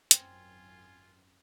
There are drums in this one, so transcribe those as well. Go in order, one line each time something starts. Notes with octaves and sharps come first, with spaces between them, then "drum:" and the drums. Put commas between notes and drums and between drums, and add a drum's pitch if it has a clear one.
G#1 F#2 C4 F4 G#5, drum: hi-hat